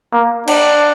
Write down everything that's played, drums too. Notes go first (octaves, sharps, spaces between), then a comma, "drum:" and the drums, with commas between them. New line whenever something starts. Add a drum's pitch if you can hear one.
A#3
D4, drum: cymbal